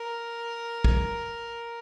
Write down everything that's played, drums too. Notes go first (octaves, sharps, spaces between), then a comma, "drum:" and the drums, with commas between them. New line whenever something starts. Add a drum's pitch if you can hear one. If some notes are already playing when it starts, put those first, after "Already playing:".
Already playing: A#4
drum: kick